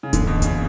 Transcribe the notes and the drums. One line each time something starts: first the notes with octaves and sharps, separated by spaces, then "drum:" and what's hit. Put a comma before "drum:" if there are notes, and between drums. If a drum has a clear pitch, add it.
C#3
F#2 D3 E3 A#3 C#4, drum: kick D1, hi-hat
B2
C#3, drum: kick D1, hi-hat